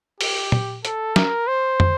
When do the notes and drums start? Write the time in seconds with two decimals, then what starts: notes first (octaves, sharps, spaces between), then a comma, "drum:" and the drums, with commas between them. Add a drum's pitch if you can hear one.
0.21 G4, drum: open hi-hat
0.52 drum: tom
0.85 A4, drum: hi-hat
1.16 A#4, drum: snare
1.48 C5
1.80 drum: tom